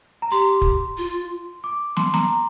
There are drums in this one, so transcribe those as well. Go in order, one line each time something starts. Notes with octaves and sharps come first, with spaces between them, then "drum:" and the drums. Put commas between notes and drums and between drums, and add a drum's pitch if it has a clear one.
A#5
G4 C6
drum: kick
F4
D6
C6, drum: snare
A#5, drum: snare